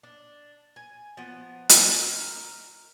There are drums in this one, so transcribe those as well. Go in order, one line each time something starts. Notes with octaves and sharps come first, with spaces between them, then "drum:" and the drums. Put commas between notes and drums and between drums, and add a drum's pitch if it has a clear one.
D4
G#5
F3 B3
drum: hi-hat
A#4